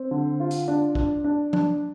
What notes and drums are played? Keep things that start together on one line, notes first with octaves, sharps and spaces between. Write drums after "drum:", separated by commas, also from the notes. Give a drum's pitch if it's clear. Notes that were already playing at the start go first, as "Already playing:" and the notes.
Already playing: C4
D3
F4
drum: hi-hat
D4
D4, drum: kick
D4
D4, drum: tom